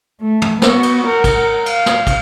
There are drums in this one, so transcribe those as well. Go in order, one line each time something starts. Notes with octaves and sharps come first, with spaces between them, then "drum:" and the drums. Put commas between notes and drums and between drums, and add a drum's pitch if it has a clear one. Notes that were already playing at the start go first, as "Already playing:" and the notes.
A3
drum: tom
B3 F#4, drum: snare
drum: cymbal
A#4 F#5
drum: kick, cymbal
F5, drum: cymbal
drum: snare
drum: kick, cymbal